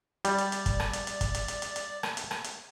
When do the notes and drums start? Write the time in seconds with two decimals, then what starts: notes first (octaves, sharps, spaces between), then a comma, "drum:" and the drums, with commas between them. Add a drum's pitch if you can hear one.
0.25 G3 D5, drum: hi-hat
0.38 drum: hi-hat
0.52 drum: hi-hat
0.66 drum: kick, hi-hat
0.80 drum: rim click
0.93 drum: hi-hat
1.07 drum: hi-hat
1.21 drum: kick, hi-hat
1.34 drum: hi-hat
1.48 drum: hi-hat
1.62 drum: hi-hat
1.76 drum: hi-hat
2.03 drum: rim click
2.17 drum: hi-hat
2.31 drum: rim click
2.44 drum: hi-hat